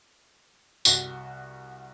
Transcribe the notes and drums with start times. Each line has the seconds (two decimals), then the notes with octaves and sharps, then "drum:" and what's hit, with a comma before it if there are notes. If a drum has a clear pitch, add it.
0.85 C2 F#4 G7, drum: tambourine